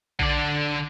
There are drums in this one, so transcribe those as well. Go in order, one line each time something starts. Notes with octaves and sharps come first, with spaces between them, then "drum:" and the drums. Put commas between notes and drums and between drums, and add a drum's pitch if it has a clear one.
D3 D5, drum: kick A#1